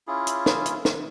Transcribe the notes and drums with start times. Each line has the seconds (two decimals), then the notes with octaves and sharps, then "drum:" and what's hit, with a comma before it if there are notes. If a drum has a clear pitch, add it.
0.07 C#4 E4 F4 G#4
0.27 drum: hi-hat
0.46 drum: snare
0.66 drum: hi-hat
0.85 drum: snare